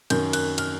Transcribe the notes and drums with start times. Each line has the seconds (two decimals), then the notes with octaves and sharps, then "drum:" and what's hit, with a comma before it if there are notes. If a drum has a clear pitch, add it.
0.10 F#2 D#3 G6, drum: cymbal
0.33 F#6, drum: cymbal
0.58 F6, drum: cymbal